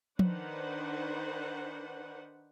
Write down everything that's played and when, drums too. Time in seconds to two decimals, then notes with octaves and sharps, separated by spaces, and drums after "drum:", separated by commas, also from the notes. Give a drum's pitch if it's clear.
0.19 D#3 D4 B4 C5 F#5, drum: tom F3